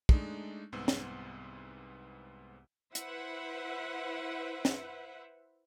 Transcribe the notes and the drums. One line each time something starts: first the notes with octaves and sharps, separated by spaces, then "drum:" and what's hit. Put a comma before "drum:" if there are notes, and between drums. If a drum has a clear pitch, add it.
G#3 A3 D4 D#4, drum: kick
C2 G#2 B3 C4 E6
drum: snare
E4 B4 C5 E5 F#5, drum: hi-hat
drum: snare